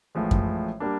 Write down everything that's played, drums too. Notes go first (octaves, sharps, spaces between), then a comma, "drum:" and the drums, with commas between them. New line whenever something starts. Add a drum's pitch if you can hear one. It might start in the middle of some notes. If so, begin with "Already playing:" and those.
A1 A2 F3 G#3
drum: kick F#2
G3 A#3 D4